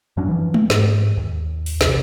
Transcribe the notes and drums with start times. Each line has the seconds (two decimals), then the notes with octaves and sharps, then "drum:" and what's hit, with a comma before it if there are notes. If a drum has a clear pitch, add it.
0.17 F#2 F#3 C#4 D4
0.29 E3 F3
0.54 drum: tom G#3
0.70 G#2, drum: snare
1.17 D#2
1.66 drum: open hi-hat
1.81 B1 E2 C3, drum: snare